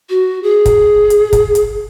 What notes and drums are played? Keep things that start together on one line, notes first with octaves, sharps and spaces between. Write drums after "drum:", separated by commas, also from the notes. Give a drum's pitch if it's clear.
F#4
G#4
drum: kick, hi-hat
drum: hi-hat
drum: kick, hi-hat
drum: hi-hat